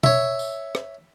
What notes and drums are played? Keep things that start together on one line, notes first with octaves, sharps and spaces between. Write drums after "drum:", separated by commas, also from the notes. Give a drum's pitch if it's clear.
C#5 E5, drum: tom B2
drum: tambourine
drum: rim click